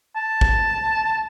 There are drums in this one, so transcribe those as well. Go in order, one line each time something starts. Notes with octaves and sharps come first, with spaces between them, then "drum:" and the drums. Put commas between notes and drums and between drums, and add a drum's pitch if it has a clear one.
A5
drum: kick